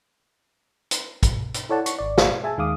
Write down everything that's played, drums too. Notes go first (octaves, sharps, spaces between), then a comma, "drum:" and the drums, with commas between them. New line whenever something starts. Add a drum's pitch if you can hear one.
drum: hi-hat
drum: kick, hi-hat
drum: hi-hat
E4 A4 C#5 D5 F#5 A5
C#6, drum: hi-hat
G#1 D5
drum: snare
G#4 E5 G#5 A5
D#2 D#3 G#3 F5 D6 D#6